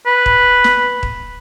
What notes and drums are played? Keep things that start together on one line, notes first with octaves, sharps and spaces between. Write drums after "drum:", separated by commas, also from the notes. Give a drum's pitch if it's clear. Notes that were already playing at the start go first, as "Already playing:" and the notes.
B4
drum: kick
drum: snare
drum: kick